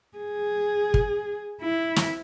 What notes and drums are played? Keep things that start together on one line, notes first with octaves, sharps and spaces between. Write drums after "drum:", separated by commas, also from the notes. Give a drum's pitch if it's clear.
G#4
drum: kick
E4
drum: snare